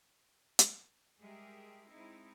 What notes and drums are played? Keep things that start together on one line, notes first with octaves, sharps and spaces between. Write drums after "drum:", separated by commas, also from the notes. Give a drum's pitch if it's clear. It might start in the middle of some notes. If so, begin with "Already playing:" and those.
drum: hi-hat
G3 G#3 G4 G#4 A#4 E5
G#3 C4 D#4 E4